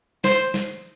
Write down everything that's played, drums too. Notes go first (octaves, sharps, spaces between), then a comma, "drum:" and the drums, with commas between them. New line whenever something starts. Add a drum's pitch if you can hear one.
C5, drum: snare
drum: snare